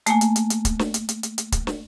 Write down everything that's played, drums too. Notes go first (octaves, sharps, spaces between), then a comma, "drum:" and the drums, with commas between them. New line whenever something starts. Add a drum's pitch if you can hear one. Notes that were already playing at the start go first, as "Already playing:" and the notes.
A3 A#3 G#5, drum: hi-hat
drum: hi-hat
drum: hi-hat
drum: hi-hat
drum: kick, hi-hat
drum: snare
drum: hi-hat
drum: hi-hat
drum: hi-hat
drum: hi-hat
drum: kick, hi-hat
drum: snare